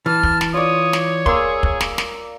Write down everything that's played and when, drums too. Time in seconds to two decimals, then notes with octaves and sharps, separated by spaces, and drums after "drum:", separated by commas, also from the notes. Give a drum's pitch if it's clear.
0.06 E3 A5 F6
0.23 drum: kick
0.41 drum: snare
0.54 F4 C#5 D5 D#6
0.93 drum: snare
1.26 A#3 G#4 C6 E6, drum: kick
1.63 drum: kick
1.81 drum: snare
1.98 drum: snare